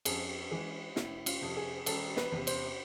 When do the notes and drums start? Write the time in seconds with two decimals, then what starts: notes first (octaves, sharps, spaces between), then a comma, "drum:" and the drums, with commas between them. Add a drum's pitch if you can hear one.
0.05 F2 G#4, drum: cymbal
0.51 E3 G#3 G#4
0.96 F1 E4, drum: snare
1.26 F4, drum: cymbal
1.41 F2 C3
1.57 G#4
1.86 E1 A4, drum: cymbal
2.17 B4, drum: snare
2.32 E2 C3
2.47 C5, drum: cymbal